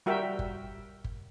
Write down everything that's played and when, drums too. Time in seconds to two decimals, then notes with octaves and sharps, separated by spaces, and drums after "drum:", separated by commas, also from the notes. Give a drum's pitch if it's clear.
0.06 G3 F#4 A#4 E5 G5
0.39 drum: kick G1
1.04 drum: kick G1